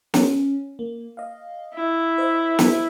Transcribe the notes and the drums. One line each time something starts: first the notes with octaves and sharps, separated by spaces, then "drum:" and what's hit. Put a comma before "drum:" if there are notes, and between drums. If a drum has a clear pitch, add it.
C#4, drum: snare
A#3
D#5 F5
E4
C5 D#5 E5
drum: snare